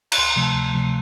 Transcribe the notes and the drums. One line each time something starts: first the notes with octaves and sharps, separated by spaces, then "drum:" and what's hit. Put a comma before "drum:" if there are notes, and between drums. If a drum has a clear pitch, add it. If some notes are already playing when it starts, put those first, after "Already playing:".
A#5, drum: cymbal
D2 C6
A#5
C3 F3 A3
A5
D2
C3 F3 A3